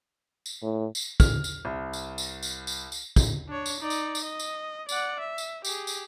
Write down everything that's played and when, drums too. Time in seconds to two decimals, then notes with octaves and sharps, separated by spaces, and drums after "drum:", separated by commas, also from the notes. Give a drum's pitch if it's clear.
0.46 drum: tambourine
0.62 A2
0.95 drum: tambourine
1.20 F6, drum: kick, tambourine
1.44 drum: tambourine
1.65 C2
1.93 drum: tambourine
2.18 drum: tambourine
2.43 drum: tambourine
2.67 drum: tambourine
2.92 drum: tambourine
3.16 drum: kick, tambourine
3.48 D4 C#5
3.66 drum: tambourine
3.80 D#4 D5
3.90 drum: tambourine
4.15 drum: tambourine
4.24 D#5
4.39 drum: tambourine
4.89 D5 F#5, drum: tambourine
5.20 E5
5.38 drum: tambourine
5.65 G4 G#4, drum: tambourine
5.87 drum: tambourine